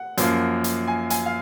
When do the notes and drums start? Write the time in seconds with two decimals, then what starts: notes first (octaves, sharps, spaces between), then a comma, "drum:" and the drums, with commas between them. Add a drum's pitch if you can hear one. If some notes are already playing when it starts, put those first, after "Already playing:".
Already playing: F#5
0.18 F#2 F3 A#3, drum: hi-hat
0.64 drum: hi-hat
0.87 G#5
1.10 G#5, drum: hi-hat
1.26 F5